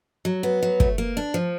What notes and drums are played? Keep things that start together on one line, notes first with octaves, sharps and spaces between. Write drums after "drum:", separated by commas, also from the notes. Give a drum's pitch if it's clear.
F#3
B3
F#3
A3, drum: kick
A#3
D4
F3